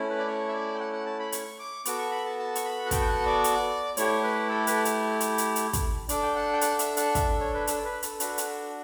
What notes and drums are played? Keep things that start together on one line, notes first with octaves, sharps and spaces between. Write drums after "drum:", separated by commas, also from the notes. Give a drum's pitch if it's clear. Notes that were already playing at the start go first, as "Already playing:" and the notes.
Already playing: A3 C#4 E4
B4
D5
C#5
E5
D5
G5
F#5
F#5
A5
B5
C#6, drum: hi-hat
D6
B3 F#4 A4 D6, drum: hi-hat
C#6
B5
A5
A5
C#6, drum: hi-hat
B5
F#5
G5, drum: kick, hi-hat
G5
F#5
D5
drum: hi-hat
A3 E4 G4 C#5, drum: hi-hat
B4
A4
B4, drum: hi-hat
drum: hi-hat
drum: hi-hat
drum: hi-hat
drum: hi-hat
drum: kick, hi-hat
D4 A4 D5, drum: hi-hat
G5
F#5
G5
F#5, drum: hi-hat
D5
E5, drum: hi-hat
F#5, drum: hi-hat
E5, drum: kick, hi-hat
C#5
B4
A4, drum: hi-hat
B4
A4, drum: hi-hat
D4 F#4 A4 B4, drum: hi-hat
drum: hi-hat
A4